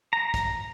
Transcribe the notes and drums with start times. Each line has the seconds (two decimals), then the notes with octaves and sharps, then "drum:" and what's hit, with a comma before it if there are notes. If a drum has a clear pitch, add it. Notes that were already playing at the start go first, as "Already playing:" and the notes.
0.13 A#5
0.34 drum: kick, hi-hat